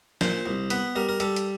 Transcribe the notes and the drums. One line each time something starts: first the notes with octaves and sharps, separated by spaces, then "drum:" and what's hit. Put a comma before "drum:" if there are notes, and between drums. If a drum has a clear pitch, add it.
A#2 C5, drum: snare
C2
B3 B4, drum: hi-hat
G3 A#4
A#4
G3 A4, drum: hi-hat
drum: hi-hat